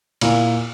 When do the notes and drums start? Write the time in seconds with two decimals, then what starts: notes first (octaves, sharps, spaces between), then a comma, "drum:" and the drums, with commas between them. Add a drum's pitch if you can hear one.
0.21 A#2 A#3 E4, drum: cymbal